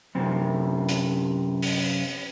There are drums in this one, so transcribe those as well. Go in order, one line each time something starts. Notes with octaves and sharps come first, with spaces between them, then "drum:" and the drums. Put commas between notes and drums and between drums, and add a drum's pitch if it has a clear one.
F#2 C3
drum: hi-hat
drum: open hi-hat